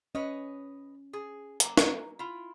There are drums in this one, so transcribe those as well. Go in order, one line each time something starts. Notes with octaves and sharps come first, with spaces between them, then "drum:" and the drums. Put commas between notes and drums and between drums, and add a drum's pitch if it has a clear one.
C#4 B4 C#5 D#5
G#4
F#3 A#3, drum: hi-hat
drum: snare
E4 F4